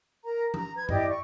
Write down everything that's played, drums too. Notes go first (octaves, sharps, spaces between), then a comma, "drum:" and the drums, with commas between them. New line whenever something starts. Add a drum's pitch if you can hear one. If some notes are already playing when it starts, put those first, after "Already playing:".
A#4 A#5
A#5, drum: tom F3
B4 G#6
E4 G4 D5 D#5, drum: tom G2
C#6